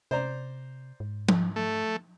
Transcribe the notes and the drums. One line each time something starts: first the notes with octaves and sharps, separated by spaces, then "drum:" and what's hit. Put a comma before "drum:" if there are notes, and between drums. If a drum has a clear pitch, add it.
C3 C5 D5 A#5
G#2
drum: tom F3
A3